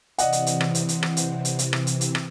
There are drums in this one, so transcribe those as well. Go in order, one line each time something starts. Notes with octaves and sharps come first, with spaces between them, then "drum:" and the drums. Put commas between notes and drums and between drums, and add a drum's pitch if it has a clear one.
C3 E3 C4 D5 D#5 F#5, drum: hi-hat
drum: hi-hat
drum: hi-hat
drum: rim click
drum: hi-hat
drum: hi-hat
drum: rim click
drum: hi-hat
drum: hi-hat
drum: hi-hat
drum: rim click
drum: hi-hat
drum: hi-hat
drum: rim click